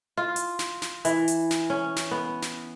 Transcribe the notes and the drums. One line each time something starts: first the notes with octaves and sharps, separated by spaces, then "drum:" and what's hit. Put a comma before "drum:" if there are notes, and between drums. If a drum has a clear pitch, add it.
F4
drum: hi-hat
drum: snare
drum: snare
E3, drum: hi-hat
drum: hi-hat
drum: snare
C#4
drum: snare
B3
drum: snare